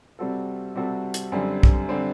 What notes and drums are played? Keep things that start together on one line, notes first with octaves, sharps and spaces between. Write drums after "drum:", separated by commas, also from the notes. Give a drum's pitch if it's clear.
C3 G3 C4 F#4 A4
C3 G3 C4 F#4 A4
drum: hi-hat
F#2 D3 G3 C4
drum: kick
D3 G3 C4